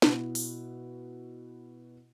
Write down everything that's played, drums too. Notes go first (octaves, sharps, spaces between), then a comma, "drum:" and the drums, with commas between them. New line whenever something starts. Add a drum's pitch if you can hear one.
B2 E4 F#4, drum: snare
drum: open hi-hat